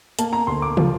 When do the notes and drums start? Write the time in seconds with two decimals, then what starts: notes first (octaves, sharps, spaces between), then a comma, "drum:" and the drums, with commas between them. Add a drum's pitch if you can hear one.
0.19 A#3 A5, drum: hi-hat
0.33 A#5
0.47 D2 C6
0.62 D6
0.77 F3, drum: tom